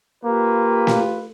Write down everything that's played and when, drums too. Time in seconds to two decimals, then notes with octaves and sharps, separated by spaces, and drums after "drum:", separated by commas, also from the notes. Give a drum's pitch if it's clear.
0.24 A#3 F4 G4 B4
0.87 drum: snare